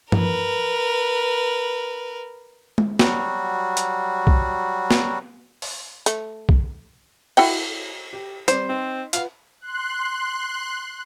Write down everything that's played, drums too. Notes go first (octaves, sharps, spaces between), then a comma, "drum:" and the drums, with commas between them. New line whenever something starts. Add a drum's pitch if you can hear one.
A#4 B4, drum: tom
drum: tom
F#3 G3 F#4, drum: snare
drum: hi-hat
drum: kick B1
drum: snare
drum: open hi-hat
A3, drum: hi-hat
drum: kick B1
E4 F#4 G5, drum: cymbal
G4
G3 C4 C5 D5, drum: hi-hat
C4 D#4
F4 B4 F5 F#5, drum: hi-hat
C6 F#6